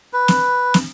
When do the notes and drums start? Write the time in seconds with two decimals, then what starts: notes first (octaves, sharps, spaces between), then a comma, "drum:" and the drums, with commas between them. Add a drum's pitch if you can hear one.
0.13 B4
0.28 drum: snare
0.74 drum: snare